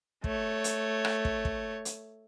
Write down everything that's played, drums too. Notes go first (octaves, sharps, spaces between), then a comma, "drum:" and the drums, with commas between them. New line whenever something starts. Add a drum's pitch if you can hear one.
A3 C#5, drum: kick
drum: hi-hat
drum: rim click
drum: kick
drum: kick
drum: hi-hat